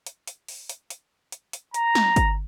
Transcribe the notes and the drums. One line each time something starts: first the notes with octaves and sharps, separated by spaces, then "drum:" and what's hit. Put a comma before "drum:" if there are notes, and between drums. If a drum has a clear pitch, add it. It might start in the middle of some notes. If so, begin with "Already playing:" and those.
drum: hi-hat
drum: hi-hat
drum: open hi-hat
drum: hi-hat
drum: hi-hat
drum: hi-hat
drum: hi-hat
A#5, drum: hi-hat
drum: snare
drum: kick G1, hi-hat